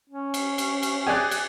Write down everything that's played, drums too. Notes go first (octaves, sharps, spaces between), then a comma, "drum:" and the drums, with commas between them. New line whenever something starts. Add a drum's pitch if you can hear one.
C#4
drum: cymbal
drum: cymbal
drum: cymbal
G4 G#4 D5 G#5 F#6
drum: cymbal